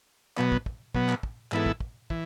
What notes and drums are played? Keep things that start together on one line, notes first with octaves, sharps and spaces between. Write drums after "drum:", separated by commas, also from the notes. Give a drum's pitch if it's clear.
B2 F#3 B3, drum: clap
drum: kick
drum: kick
B2 F#3 B3, drum: kick
drum: clap
drum: kick
G#2 E3 B3 E4 A4, drum: clap
drum: kick
drum: kick
E3, drum: kick